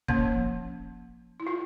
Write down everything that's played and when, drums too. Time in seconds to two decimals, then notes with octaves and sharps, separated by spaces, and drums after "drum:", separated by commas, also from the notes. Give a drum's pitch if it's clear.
0.08 F3 A#3 C#4, drum: kick
1.40 E4
1.47 F4